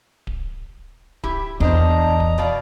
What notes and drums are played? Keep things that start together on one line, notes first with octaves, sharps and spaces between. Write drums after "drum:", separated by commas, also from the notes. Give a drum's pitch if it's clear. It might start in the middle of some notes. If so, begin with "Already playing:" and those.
drum: kick D1
E4 G4, drum: kick D1
E2 D4 C5 D#5 A#5
drum: kick D1
B2 D5 F5